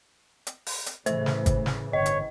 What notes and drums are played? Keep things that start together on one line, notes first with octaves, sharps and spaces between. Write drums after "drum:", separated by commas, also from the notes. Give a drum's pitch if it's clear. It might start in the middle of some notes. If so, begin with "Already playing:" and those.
drum: hi-hat
drum: open hi-hat
drum: hi-hat
A2 C#3 E3 A3 C5, drum: hi-hat
drum: snare
drum: kick, hi-hat
drum: snare
G1 C#5 D#5
drum: hi-hat